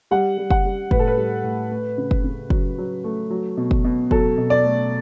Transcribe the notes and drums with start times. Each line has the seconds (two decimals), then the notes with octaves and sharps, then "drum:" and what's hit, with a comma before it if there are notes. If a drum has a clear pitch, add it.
0.11 G3 F#5
0.38 G3
0.51 F#5, drum: kick F#1
0.65 G3
0.91 A2 B4, drum: kick F#1
0.99 A4
1.07 B4
1.17 G3
1.44 A2
1.71 A3
1.98 C#3
2.11 drum: kick F#1
2.24 C#3
2.50 F#3, drum: kick F#1
2.78 F#3
3.04 A3
3.30 F#3
3.57 B2
3.71 drum: kick F#1
3.84 B2
4.11 F#3 A4, drum: kick F#1
4.38 B2
4.50 D5
4.64 A3